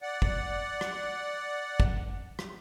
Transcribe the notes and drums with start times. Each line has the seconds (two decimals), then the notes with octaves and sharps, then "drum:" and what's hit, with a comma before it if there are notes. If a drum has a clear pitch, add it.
0.02 D5 F#5
0.22 drum: kick
0.81 drum: rim click
1.80 drum: kick
2.39 drum: rim click